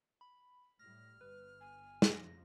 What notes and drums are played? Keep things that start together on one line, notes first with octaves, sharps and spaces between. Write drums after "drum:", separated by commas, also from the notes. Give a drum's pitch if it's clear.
B5
A2 G3 F6 A#6
G1 B4
G#5
drum: snare
F2 C#3 F3 A#6